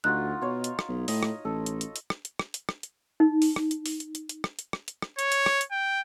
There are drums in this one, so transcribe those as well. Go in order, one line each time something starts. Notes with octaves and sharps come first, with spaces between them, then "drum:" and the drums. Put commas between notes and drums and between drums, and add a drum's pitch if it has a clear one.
D2 D#4 F4 F#4 F#6
B2 F4 C#5
drum: hi-hat
drum: rim click
B1
A2 D#5, drum: open hi-hat
drum: rim click
A1 A4
drum: hi-hat
drum: hi-hat
drum: hi-hat
drum: rim click
drum: hi-hat
drum: rim click
drum: hi-hat
drum: rim click
drum: hi-hat
D#4
drum: open hi-hat
drum: rim click
drum: hi-hat
drum: open hi-hat
drum: hi-hat
drum: hi-hat
drum: hi-hat
drum: rim click
drum: hi-hat
drum: rim click
drum: hi-hat
drum: rim click
C#5, drum: hi-hat
drum: hi-hat
drum: rim click
drum: hi-hat
G5